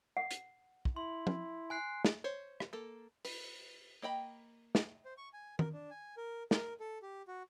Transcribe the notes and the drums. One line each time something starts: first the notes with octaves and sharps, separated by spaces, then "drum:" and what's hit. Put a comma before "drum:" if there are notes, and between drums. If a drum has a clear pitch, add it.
F#5
drum: hi-hat
drum: kick
E4 C6
drum: tom
G#5 F#6 C7
drum: snare
C5 C#5
drum: rim click
A#3 A4
B4, drum: open hi-hat
A#3 D#5 G5 B5
drum: snare
C5
C#6
G#5
A#4, drum: tom D#3
D4
G#5
A#4
A#4, drum: snare
A4
G4
F#4